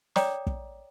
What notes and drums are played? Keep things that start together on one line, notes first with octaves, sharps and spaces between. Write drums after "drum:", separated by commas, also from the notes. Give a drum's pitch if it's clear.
C#5 D5 G5 A#5 D6 D#6, drum: snare
drum: kick